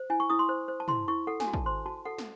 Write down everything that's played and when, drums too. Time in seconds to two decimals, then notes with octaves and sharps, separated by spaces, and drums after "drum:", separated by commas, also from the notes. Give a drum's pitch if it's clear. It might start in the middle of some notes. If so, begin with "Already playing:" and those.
Already playing: C5
0.10 E4 G#5
0.20 C#6
0.30 E4 D#6
0.39 C6
0.49 C5
0.68 C5
0.80 A5
0.88 E4 C6, drum: tom
1.08 E4 C#6
1.27 A4 F#5
1.40 G#5, drum: snare
1.47 F#4
1.54 A5, drum: kick
1.66 C5 C6
1.86 F#4 A5
2.05 A4 F#5
2.18 drum: snare